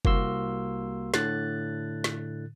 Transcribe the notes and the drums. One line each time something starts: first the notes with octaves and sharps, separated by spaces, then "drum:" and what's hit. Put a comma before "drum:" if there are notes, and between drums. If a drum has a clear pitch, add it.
C2 A#3 F#4 C6 E6, drum: kick F#1
A2 D3 F#6 A6, drum: snare
drum: snare